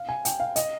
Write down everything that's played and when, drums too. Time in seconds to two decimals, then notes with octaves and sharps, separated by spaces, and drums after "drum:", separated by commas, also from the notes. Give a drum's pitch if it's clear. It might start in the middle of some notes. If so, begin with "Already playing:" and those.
Already playing: F5
0.09 G#5
0.25 G5, drum: hi-hat
0.40 F5
0.56 D#5, drum: hi-hat